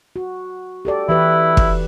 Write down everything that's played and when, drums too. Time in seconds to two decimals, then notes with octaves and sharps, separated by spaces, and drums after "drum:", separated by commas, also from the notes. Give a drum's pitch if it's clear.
0.16 F#4
0.85 G4 A4 D5
1.09 E3 E4 G4 B4
1.57 drum: kick